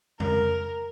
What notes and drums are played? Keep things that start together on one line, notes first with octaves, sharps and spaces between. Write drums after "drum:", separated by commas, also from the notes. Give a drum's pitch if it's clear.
A#4, drum: tom F2